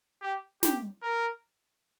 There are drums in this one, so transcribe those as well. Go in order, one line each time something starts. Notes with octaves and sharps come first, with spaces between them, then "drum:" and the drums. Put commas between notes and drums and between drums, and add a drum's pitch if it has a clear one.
G4
G4, drum: snare
A#4